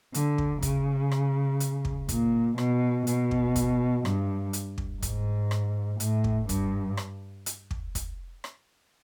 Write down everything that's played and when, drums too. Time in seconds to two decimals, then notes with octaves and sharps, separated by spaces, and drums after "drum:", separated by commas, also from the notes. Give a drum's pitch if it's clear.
0.14 D3, drum: hi-hat
0.38 drum: kick
0.62 C#3, drum: kick, hi-hat
1.11 drum: rim click
1.60 drum: hi-hat
1.85 drum: kick
2.09 A#2, drum: kick, hi-hat
2.58 B2, drum: rim click
3.07 B2, drum: hi-hat
3.31 drum: kick
3.56 drum: kick, hi-hat
4.05 G2, drum: rim click
4.53 drum: hi-hat
4.78 drum: kick
5.02 G#2, drum: kick, hi-hat
5.51 drum: rim click
6.00 A2, drum: hi-hat
6.24 drum: kick
6.49 G2, drum: kick, hi-hat
6.97 drum: rim click
7.46 drum: hi-hat
7.71 drum: kick
7.95 drum: kick, hi-hat
8.44 drum: rim click